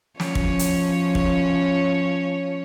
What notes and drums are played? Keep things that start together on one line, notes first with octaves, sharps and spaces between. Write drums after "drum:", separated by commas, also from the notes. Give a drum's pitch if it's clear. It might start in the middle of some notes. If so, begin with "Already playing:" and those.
F3 C#4 C#5, drum: snare
drum: kick
drum: hi-hat
drum: kick